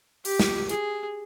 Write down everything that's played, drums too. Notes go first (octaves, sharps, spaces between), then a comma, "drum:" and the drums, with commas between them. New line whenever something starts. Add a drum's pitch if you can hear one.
G4, drum: open hi-hat
drum: snare
G#4, drum: hi-hat